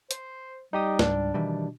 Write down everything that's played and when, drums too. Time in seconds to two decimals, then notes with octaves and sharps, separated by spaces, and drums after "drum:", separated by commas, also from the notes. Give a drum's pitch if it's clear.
0.11 C5, drum: hi-hat
0.73 G3 D#4 G4 D#6
0.99 C#2 G#2 D4, drum: snare
1.34 B2 D#3 E3 G3